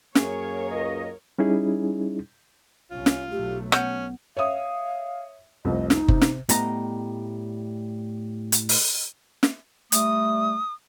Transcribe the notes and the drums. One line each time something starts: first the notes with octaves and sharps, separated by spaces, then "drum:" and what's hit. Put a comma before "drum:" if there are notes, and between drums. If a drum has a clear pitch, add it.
F#2 A#3 G#4 A#4 C#5, drum: snare
C#2 D#5
G3 C#4 D#4 E4 G#4
C2 C#4 F4
drum: snare
B1 F#3 A3 G4
B3 C#4 F#5 G6, drum: rim click
C#5 E5 F5 D#6
F1 C2 F2 D#5
D#4, drum: snare
C3, drum: kick F#1
drum: snare
A2 G3 B3 D#5 A#5, drum: hi-hat
drum: hi-hat
drum: open hi-hat
drum: snare
G3 A3 D#6, drum: hi-hat